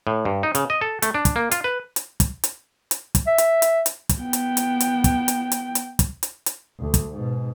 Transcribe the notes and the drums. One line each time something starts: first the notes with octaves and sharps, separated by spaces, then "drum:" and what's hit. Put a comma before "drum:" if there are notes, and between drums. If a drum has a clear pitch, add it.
A2
G2
D#4
C#3, drum: hi-hat
D#5
A4
A3, drum: hi-hat
D4
drum: kick, hi-hat
A#3
F4, drum: hi-hat
B4
drum: hi-hat
drum: kick, hi-hat
drum: hi-hat
drum: hi-hat
drum: kick, hi-hat
E5
drum: hi-hat
drum: hi-hat
drum: hi-hat
drum: kick, hi-hat
B3 G5
drum: hi-hat
drum: hi-hat
drum: hi-hat
drum: kick, hi-hat
drum: hi-hat
drum: hi-hat
drum: hi-hat
drum: kick, hi-hat
drum: hi-hat
drum: hi-hat
D2
drum: kick, hi-hat
G#2 B2